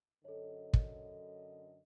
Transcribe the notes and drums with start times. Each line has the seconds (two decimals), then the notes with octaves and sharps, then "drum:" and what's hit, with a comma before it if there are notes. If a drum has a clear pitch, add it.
0.25 F#2 D3 A4 C#5 D#5
0.73 drum: kick